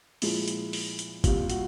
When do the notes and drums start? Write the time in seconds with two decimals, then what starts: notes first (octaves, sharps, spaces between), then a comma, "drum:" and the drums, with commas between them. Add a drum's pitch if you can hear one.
0.22 A#2 F3 G#3 E4, drum: open hi-hat
0.48 drum: hi-hat
0.73 drum: open hi-hat
0.99 drum: hi-hat
1.24 C2 A#2 G3 F4, drum: kick G1, hi-hat
1.50 F#4, drum: hi-hat